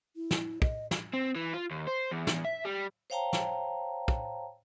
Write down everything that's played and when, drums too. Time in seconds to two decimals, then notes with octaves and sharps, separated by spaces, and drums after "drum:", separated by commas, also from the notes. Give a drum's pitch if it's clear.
0.16 E4
0.31 drum: snare
0.62 D#5, drum: kick
0.91 drum: snare
1.13 C4
1.35 E3
1.53 F4
1.71 D#2
1.88 C5
2.12 E2
2.27 drum: snare
2.44 E5
2.65 G3
3.10 C5 C#5 F5 G5 A5 A#5
3.33 drum: snare
4.08 drum: kick